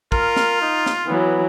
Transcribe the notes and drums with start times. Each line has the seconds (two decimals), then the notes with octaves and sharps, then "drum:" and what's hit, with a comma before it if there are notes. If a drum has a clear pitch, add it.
0.12 F4 A#4, drum: kick
0.36 drum: snare
0.61 D#4
0.86 drum: snare
1.07 E3 F#3 B3